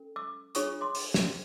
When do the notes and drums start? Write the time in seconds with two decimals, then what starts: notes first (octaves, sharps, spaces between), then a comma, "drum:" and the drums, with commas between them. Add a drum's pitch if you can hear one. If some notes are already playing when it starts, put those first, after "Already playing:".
Already playing: C#4 A4
0.16 D6 E6
0.55 D4 F4 G#4 C#5 C#6 D#6, drum: hi-hat
0.81 C6 D6
0.95 drum: open hi-hat
1.14 drum: snare